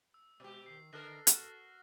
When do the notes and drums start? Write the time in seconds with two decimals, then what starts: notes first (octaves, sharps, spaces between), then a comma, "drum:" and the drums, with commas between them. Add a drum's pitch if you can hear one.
0.14 E6
0.40 B2 G#3 G4
0.66 D#3 C7
0.93 D3 A4 A#4 F6 F#6 A#6
1.27 F#4, drum: hi-hat